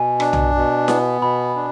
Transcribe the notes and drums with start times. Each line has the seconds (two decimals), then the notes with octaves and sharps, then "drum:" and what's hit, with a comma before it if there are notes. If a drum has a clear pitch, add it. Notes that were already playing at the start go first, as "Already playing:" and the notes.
Already playing: B2 G#5
0.20 D4, drum: rim click
0.33 drum: tom
0.55 B2
0.88 B3, drum: snare E4
1.21 B2 B5
1.56 D4